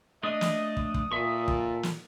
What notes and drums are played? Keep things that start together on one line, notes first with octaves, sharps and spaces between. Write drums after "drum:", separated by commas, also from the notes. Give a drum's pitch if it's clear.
A3 D4 D#5 D#6
drum: snare
drum: kick
drum: kick
A#2 A4 E5 C#6
drum: kick
drum: snare